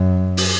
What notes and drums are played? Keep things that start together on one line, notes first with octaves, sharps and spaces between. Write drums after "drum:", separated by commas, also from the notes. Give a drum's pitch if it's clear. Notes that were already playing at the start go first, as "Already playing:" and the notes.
Already playing: F#2
drum: open hi-hat